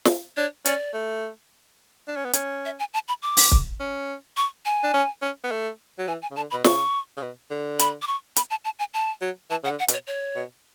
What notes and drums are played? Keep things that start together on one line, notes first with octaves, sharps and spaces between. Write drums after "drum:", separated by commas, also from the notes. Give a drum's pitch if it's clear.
drum: snare
D4 C#5
C#4 D5, drum: hi-hat
A3
D4
C#4
B3
C#4, drum: hi-hat
E5
G#5
A5
B5
D6
drum: open hi-hat
drum: kick
C#4
C#6
G#5
D4
C#4
C#4
B3
A3
F#3
E3 G#5
G#5
C#3
D3 A5
B2 B5
C#3 C#6, drum: snare
C#3
B2
D3
B5, drum: hi-hat
D6
C#6
B5, drum: hi-hat
A5
A5
G#5
A5
F#3
E3 A5
C#3 F#5
D3
F#5
B2, drum: hi-hat
C#5
C#5
B2